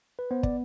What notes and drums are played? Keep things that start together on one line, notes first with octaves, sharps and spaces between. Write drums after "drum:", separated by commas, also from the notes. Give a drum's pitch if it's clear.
B4
B3 C5
D5, drum: kick